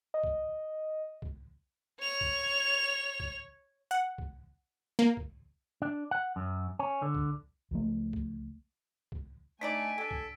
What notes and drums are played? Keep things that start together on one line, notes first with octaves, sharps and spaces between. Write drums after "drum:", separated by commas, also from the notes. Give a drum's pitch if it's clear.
D#5
drum: kick C2
drum: kick C2
C#5 F7
drum: kick C2
drum: kick C2
F#5
drum: kick C2
A#3
drum: kick C2
D4
F#5
F#2
C#4
D3
drum: kick C2
C#2 F3 A3
drum: kick C2
drum: kick C2
A3 D4 D#4 D5 G#5 B6 D7
D4 G4 A4
drum: kick C2